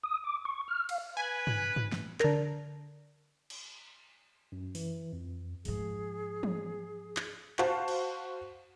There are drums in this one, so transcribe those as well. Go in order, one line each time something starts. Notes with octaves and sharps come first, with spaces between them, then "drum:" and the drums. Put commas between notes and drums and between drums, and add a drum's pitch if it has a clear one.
D#6
D6
C#6
F6
F5, drum: cymbal
B4 G#5
drum: tom G2
drum: tom G2
drum: snare
D3 A#4, drum: clap
drum: cymbal
F#2
E3, drum: open hi-hat
F2
G#2 F3 G#4, drum: open hi-hat
drum: tom
drum: clap
F#4 C5 F5 A5, drum: clap
drum: cymbal